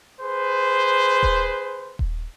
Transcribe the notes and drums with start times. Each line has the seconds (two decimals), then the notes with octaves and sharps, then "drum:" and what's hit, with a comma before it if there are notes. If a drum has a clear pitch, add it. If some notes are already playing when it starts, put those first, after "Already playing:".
0.21 G#4 B4 C5
1.23 drum: kick D#1
1.99 drum: kick D#1